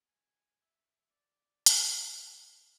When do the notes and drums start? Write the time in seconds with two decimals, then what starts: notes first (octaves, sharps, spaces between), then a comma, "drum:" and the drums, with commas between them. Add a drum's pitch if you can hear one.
0.07 G#5
0.61 E5
1.10 D5
1.66 drum: hi-hat
2.04 E4
2.22 D4
2.61 D6